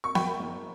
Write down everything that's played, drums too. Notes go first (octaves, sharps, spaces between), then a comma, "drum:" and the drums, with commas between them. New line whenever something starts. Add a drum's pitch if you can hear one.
C#6
F#2 G5 B5, drum: snare B3
F#1